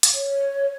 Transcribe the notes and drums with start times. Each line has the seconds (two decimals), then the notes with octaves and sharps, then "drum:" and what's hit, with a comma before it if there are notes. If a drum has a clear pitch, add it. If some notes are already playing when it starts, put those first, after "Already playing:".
0.03 drum: hi-hat
0.14 C#5